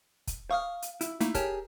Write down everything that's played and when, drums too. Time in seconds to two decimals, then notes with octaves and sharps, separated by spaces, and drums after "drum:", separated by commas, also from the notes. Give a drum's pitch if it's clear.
0.27 drum: kick, hi-hat
0.51 F5 C#6 D#6 F6
0.82 drum: hi-hat
1.01 E4, drum: hi-hat
1.21 A3 A#3 D#4 E4, drum: hi-hat
1.35 G4 G#4 A#4 C#5 A5 F6, drum: kick, hi-hat